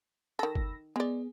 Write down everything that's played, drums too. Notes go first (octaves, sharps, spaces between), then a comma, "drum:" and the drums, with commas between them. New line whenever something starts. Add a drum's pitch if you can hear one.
D#3 A4 B5 E6 A#6
drum: kick
G#3 B3 G#4 D5